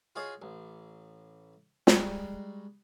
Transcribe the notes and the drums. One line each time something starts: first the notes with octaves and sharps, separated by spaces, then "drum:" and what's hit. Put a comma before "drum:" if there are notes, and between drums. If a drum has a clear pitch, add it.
F4 F#4 G#4 C#5 D#5 F5
A1
G3 G#3 D#4 F#4, drum: snare